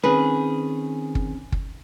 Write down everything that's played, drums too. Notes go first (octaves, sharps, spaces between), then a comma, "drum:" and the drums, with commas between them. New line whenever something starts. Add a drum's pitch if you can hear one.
D#3 C4 C#4 G#4 B4
drum: kick
drum: kick